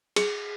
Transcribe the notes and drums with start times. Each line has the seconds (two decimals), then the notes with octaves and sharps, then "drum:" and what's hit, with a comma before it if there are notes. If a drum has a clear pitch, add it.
0.16 G#4, drum: cymbal